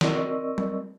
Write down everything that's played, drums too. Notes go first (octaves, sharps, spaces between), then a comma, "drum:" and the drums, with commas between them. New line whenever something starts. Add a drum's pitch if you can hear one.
C4 A#4 D5 D#5 C#6 E6, drum: snare
drum: tom G3